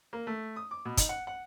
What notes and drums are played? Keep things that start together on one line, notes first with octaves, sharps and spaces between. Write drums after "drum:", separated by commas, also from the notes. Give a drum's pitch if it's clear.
A#3
A3
D#6
D6
B2
D#4, drum: kick, hi-hat
F#5
F#5